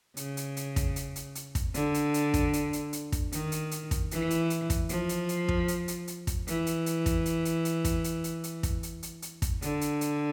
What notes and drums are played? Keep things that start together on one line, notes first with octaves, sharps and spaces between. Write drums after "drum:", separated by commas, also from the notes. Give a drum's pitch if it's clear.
C#3, drum: hi-hat
drum: hi-hat
drum: hi-hat
drum: kick, hi-hat
drum: hi-hat
drum: hi-hat
drum: hi-hat
drum: kick, hi-hat
D3, drum: hi-hat
drum: hi-hat
drum: hi-hat
drum: kick, hi-hat
drum: hi-hat
drum: hi-hat
drum: hi-hat
drum: kick, hi-hat
D#3, drum: hi-hat
drum: hi-hat
drum: hi-hat
drum: kick, hi-hat
E3, drum: hi-hat
drum: hi-hat
drum: hi-hat
drum: kick, hi-hat
F3, drum: hi-hat
drum: hi-hat
drum: hi-hat
drum: kick
drum: hi-hat
drum: hi-hat
drum: hi-hat
drum: kick, hi-hat
E3, drum: hi-hat
drum: hi-hat
drum: hi-hat
drum: kick, hi-hat
drum: hi-hat
drum: hi-hat
drum: hi-hat
drum: kick, hi-hat
drum: hi-hat
drum: hi-hat
drum: hi-hat
drum: kick, hi-hat
drum: hi-hat
drum: hi-hat
drum: hi-hat
drum: kick, hi-hat
D3, drum: hi-hat
drum: hi-hat
drum: hi-hat